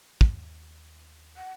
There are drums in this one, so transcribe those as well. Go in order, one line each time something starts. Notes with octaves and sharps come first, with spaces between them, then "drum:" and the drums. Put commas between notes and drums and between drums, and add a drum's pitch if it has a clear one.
D#2, drum: kick
F#5